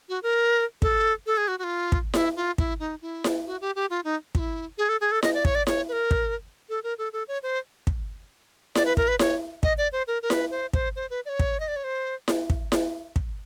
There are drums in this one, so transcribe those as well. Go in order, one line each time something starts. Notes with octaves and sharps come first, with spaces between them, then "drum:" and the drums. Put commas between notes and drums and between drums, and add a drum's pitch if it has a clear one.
F#4
A#4
A4, drum: kick
A4
G#4
F#4
F#4
F4
drum: kick
E4, drum: snare E4
F4
E4, drum: kick
D#4
E4
drum: snare E4
F#4
G4
G4
F4
D#4
F4, drum: kick
E4
G#4
A4
G#4
A4
D#5, drum: snare E4
D5
C#5, drum: kick
D5
C#5, drum: snare E4
B4
A#4
drum: kick
A4
A#4
A4
A4
C#5
C5
drum: kick
D5, drum: snare E4
B4
A#4, drum: kick
B4
C#5, drum: snare E4
D#5, drum: kick
D5
C5
A#4
A#4
B4, drum: snare E4
C5
C5, drum: kick
C5
B4
D5
C#5
drum: kick
D#5
D5
C#5
C5
drum: snare E4
drum: kick
drum: snare E4
drum: kick